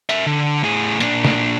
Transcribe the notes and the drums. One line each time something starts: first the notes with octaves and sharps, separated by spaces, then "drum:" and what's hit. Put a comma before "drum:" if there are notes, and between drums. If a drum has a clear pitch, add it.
A#4 E5, drum: hi-hat
D3
A2 G#4
A#2 D4, drum: hi-hat
drum: snare